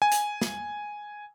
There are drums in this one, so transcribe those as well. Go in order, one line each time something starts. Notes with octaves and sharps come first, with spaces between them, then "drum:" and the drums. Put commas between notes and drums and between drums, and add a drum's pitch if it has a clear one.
G#5
drum: hi-hat
drum: snare